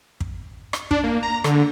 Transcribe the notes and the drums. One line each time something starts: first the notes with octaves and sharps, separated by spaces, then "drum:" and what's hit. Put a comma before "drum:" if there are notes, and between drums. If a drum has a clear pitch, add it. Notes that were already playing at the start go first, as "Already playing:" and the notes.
drum: kick
drum: rim click
D4, drum: kick
A#3
A#5
D3, drum: rim click